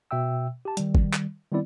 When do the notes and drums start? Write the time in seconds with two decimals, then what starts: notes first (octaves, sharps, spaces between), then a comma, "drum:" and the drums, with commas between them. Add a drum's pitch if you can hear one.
0.11 B2 E5 G5 E6
0.65 G4 A5
0.77 D#3 G3, drum: hi-hat
0.95 drum: kick
1.14 drum: clap
1.51 D#3 G3 B3 C4 E4 D5